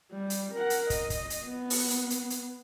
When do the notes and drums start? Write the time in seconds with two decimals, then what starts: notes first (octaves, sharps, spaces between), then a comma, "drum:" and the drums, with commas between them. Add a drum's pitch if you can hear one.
0.11 G3
0.30 drum: hi-hat
0.53 A#4 F#5
0.70 drum: hi-hat
0.90 D#5, drum: kick, hi-hat
1.10 drum: kick, hi-hat
1.30 drum: hi-hat
1.45 B3
1.70 drum: open hi-hat
1.90 drum: hi-hat
2.10 drum: hi-hat
2.30 drum: hi-hat